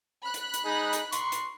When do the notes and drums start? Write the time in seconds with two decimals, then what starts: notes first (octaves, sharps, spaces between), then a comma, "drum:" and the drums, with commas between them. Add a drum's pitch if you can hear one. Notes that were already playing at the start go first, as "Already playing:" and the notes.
0.24 B5 F#6
0.34 drum: hi-hat
0.54 drum: hi-hat
0.66 D#4 G#4
0.93 drum: hi-hat
1.12 C6 C#6, drum: hi-hat
1.32 drum: hi-hat